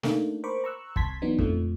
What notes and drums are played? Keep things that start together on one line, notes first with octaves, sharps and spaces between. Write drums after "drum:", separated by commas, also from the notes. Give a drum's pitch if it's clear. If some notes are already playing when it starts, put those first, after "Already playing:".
A3 A#3 D4 D#4, drum: snare
A#4 C5 B5 C#6 D6
A#5 C#6 E6 F#6
C2 A5 C6 G#6 B6, drum: kick
E3 F#3 B3 D4 D#4
F2 A#2 F3 A3, drum: kick